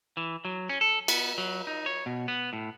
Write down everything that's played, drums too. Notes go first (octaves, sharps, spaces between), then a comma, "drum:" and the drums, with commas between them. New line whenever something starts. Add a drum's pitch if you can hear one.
E3
F#3
C#4
A4
B3, drum: cymbal
F#3
D#4
C#5
B2
B3
A2